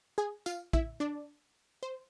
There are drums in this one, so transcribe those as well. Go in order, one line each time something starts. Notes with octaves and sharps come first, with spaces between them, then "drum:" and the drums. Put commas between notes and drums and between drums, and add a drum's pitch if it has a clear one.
G#4 G#5
F4 F5, drum: tambourine
E4 E5, drum: kick
D4 D5
C5